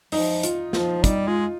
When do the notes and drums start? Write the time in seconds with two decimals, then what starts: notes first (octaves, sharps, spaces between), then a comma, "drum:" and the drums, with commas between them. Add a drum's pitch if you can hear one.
0.12 F3 D#4, drum: open hi-hat
0.43 F4, drum: hi-hat
0.73 F3 F4, drum: snare
1.04 G3 D#4, drum: kick, hi-hat
1.27 G#3 F4